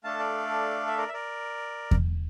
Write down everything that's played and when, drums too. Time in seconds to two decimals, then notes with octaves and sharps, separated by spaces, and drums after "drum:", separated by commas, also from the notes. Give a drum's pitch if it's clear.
0.04 A3 D4 A4 F5 A5
0.19 D5 F5
0.87 E5
0.98 A#4 D5
1.09 E5
1.13 A#4 D5
1.91 drum: kick E2